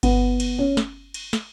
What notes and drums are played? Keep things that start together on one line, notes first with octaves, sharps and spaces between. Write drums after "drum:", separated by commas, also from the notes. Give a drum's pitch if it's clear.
B3, drum: kick G1, cymbal
drum: cymbal
C#4
drum: snare
drum: cymbal
drum: snare